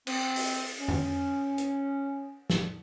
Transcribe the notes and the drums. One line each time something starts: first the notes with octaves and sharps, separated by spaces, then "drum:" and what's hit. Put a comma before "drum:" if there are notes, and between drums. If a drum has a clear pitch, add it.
C4, drum: cymbal
drum: open hi-hat
C#4
drum: tom F2
drum: hi-hat
drum: snare